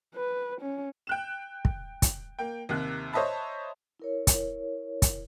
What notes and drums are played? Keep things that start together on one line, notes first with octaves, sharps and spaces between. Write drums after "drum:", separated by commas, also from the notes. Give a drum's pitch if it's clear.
B4
C#4
G5 F#6 E7
drum: kick
drum: kick, hi-hat
A#3 G5
D#2 C3 F#6
C5 C#5 D#5 E5 A5 B5
E4 A#4 C#5
drum: kick, hi-hat
drum: kick, hi-hat